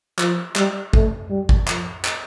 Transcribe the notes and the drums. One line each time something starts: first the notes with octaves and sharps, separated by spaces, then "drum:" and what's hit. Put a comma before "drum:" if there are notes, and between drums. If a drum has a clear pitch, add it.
F3, drum: clap
G3, drum: clap
A3, drum: kick
G3
drum: kick
F3, drum: clap
drum: clap